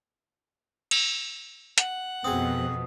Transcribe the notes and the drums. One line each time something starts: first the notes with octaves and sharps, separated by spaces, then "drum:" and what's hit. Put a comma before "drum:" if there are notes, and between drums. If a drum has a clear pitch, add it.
drum: cymbal
F#5, drum: hi-hat
F2 B2 F3 C4 G#4 D#6